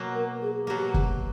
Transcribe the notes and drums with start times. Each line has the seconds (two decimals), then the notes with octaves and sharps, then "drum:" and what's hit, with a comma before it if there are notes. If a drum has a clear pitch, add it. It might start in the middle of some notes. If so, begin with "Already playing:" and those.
Already playing: B2 F#3 A#3
0.14 A#4
0.41 G#4
0.67 B2 F#3 A#3 G4
0.94 drum: kick